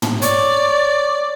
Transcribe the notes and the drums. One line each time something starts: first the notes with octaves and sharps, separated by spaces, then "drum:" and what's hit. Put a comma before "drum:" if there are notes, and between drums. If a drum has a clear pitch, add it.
drum: tom
C#5 D5, drum: hi-hat